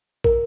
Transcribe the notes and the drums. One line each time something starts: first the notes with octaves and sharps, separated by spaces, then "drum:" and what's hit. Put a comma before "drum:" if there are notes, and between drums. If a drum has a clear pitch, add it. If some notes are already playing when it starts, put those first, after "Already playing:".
A#4, drum: kick